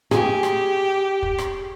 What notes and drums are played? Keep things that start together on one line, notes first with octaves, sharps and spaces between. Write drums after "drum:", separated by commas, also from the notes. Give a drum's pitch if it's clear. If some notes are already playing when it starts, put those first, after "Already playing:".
G4 G#4, drum: rim click
drum: rim click
drum: kick
drum: rim click